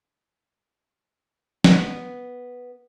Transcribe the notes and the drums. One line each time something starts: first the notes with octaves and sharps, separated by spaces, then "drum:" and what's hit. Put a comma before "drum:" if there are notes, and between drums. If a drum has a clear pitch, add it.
B3, drum: snare